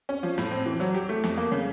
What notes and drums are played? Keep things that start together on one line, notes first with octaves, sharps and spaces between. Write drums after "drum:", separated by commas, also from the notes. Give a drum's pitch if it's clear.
C#4
F3
A2, drum: snare
C4
E3
F#3, drum: hi-hat
G4
A3
F2, drum: snare
A#3
C#3